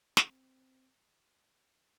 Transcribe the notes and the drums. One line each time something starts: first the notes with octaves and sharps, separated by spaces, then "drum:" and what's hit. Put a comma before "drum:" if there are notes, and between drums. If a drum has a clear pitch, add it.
C4, drum: snare